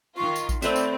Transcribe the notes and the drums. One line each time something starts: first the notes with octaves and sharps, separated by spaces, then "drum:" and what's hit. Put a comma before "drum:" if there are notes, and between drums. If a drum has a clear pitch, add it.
D#3 F4 C#6
drum: tambourine
drum: kick A1, tambourine
A3 C4 B4 D5 E5, drum: tambourine
drum: tambourine